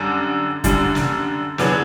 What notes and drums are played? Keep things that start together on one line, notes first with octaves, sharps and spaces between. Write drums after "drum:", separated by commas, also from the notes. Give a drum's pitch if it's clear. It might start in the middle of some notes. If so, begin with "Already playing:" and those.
Already playing: F#2 D3 G3 D4
F#2 D3 G3 D4, drum: kick, hi-hat
drum: snare
E2 D3 F#3 B3 D4, drum: snare